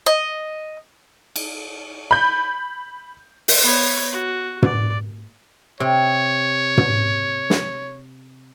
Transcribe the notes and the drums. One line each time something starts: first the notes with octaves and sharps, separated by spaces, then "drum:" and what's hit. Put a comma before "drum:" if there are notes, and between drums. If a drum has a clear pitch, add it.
D#5
drum: cymbal
B5 G6
drum: open hi-hat
B3 C#5
F#4
D5, drum: tom
C3 C#5
drum: tom
drum: snare